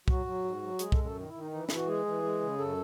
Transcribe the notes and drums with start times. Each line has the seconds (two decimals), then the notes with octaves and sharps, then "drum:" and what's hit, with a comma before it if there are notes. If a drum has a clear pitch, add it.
0.08 F#3 F#4, drum: kick C2
0.26 F#3
0.44 G#2
0.62 F#3
0.79 G#3 G#4, drum: hi-hat
0.92 A4, drum: kick C2
0.97 F#2
1.04 A4
1.16 D#3
1.27 E4
1.33 D#3
1.40 D#4
1.51 E3 D#4
1.63 E4
1.69 E3, drum: snare
1.75 F#4
1.87 G#3 G#4
2.06 E3
2.23 G#3
2.41 C#3
2.58 F#2 A4